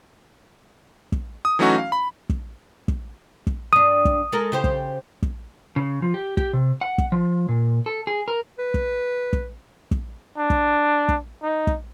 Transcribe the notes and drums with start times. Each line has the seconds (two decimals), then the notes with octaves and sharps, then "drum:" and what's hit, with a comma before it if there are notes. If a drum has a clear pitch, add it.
1.12 drum: kick
1.45 D#6
1.59 E3 F#3 A3 C#4 D#4 F#4
1.78 F5
1.92 B5
2.29 drum: kick
2.88 drum: kick
3.47 drum: kick
3.73 G2 D4 D#6
4.05 drum: kick
4.32 G#3 A4 A#4
4.52 C#3 G4 C5
4.64 drum: kick
5.22 drum: kick
5.76 C#3
6.02 F3
6.14 G4
6.37 G4, drum: kick
6.53 C3
6.81 F#5
6.98 drum: kick
7.12 F3
7.49 A#2
7.86 A4
8.07 G#4
8.28 A#4
8.59 B4
8.74 drum: kick
9.33 drum: kick
9.91 drum: kick
10.38 D4
10.50 drum: kick
11.09 drum: kick
11.43 D#4
11.67 drum: kick